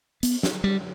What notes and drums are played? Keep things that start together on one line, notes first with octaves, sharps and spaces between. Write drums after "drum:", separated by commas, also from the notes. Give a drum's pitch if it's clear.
B3, drum: hi-hat
drum: snare
G3